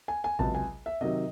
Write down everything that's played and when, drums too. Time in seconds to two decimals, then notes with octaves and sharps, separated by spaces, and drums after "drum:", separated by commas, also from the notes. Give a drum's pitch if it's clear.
0.08 G#5
0.24 G#5
0.39 C#2 C3 F#3 A5, drum: kick A1
0.55 G#5
0.86 E5
1.01 C3 D#3 F#3 D#5